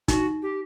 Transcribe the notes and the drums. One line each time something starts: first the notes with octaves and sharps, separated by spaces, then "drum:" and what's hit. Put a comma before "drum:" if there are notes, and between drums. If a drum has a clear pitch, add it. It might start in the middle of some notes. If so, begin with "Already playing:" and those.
D#4 F#4, drum: kick, hi-hat
G4